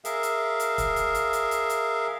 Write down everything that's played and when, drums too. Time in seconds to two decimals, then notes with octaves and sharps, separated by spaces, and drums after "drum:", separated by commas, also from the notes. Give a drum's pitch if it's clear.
0.05 G#4 A#4 E5 F5, drum: hi-hat
0.23 drum: hi-hat
0.60 drum: hi-hat
0.78 drum: kick, hi-hat
0.96 drum: hi-hat
1.15 drum: hi-hat
1.33 drum: hi-hat
1.51 drum: hi-hat
1.70 drum: hi-hat